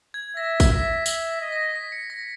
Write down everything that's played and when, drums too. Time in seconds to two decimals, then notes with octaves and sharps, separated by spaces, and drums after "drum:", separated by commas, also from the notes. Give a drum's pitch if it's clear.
0.14 G#6
0.36 E5 A#6
0.60 drum: kick, tambourine
0.71 E5 B6
1.06 E5 B6, drum: tambourine
1.41 D#5
1.52 A#6
1.75 B6
1.92 C#7
2.10 A#6